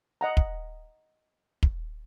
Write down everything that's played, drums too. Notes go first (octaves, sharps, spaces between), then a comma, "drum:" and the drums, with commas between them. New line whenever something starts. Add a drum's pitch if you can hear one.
D#5 F#5 A#5
drum: kick
drum: kick